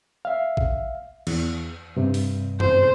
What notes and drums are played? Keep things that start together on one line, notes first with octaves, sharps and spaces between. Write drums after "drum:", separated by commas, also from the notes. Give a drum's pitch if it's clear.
E5 F5
drum: kick A1
E2, drum: cymbal
G2 C3
drum: open hi-hat
C5, drum: tom F#2